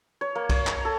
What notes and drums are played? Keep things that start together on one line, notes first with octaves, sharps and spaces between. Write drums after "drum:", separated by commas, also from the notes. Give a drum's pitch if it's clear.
C#5
A#3
C#5, drum: kick B1, cymbal
A#5, drum: clap
A4